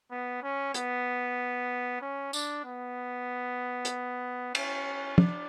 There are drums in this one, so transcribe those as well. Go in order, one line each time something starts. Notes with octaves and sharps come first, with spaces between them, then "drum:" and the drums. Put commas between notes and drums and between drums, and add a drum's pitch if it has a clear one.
B3
C#4
B3, drum: hi-hat
C#4
D4, drum: tambourine
B3
drum: hi-hat
C#4, drum: cymbal
D4, drum: tom